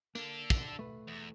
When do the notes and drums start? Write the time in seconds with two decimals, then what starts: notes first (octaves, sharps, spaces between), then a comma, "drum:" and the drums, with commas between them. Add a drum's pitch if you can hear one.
0.15 A#3 D4 A4, drum: tambourine
0.50 drum: kick, tambourine
0.79 A3 B4
1.08 E2